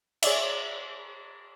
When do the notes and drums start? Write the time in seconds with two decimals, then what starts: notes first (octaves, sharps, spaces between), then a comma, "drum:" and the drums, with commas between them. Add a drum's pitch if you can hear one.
0.23 G#4 C#5 D5 E5, drum: cymbal